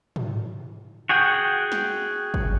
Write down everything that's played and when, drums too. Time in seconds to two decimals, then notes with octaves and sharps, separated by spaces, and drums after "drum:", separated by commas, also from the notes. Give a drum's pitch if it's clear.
0.16 drum: tom
1.09 F#4 G#4 F#5 G5
1.72 drum: snare
2.34 drum: kick